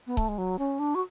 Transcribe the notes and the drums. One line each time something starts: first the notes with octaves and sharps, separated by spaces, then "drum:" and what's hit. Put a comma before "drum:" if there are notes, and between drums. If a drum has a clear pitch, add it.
B3
A3, drum: kick C#1
G#3
F#3
C#4
D4
F#4